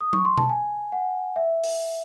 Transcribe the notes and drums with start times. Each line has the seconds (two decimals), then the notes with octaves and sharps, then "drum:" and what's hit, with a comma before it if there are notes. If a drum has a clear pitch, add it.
0.01 D#6
0.13 C#6, drum: tom F#3
0.25 C6
0.38 A5, drum: tom B2
0.49 G#5
0.92 F#5
1.36 E5
1.64 drum: open hi-hat